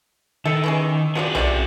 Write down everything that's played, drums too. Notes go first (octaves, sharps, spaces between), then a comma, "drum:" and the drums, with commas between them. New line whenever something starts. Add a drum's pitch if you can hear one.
D#3 A4 E5
E3 C#4 G#4
F3 F#4 G#4 A#4 D5
C3 A3 D5, drum: tom B1